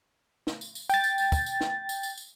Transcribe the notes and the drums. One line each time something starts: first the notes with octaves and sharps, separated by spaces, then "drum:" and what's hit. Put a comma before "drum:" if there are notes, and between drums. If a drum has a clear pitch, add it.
drum: snare
drum: tambourine
drum: tambourine
G5 A6, drum: tambourine
drum: tambourine
drum: tambourine
drum: kick, tambourine
drum: tambourine
drum: snare
drum: tambourine
drum: tambourine
drum: tambourine